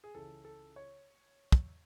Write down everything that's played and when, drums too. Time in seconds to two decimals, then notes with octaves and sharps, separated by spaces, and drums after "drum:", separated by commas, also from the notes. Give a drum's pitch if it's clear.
0.04 G#4
0.14 C#2 C#3 E3 A4
0.45 A4
0.76 C#5
1.52 drum: kick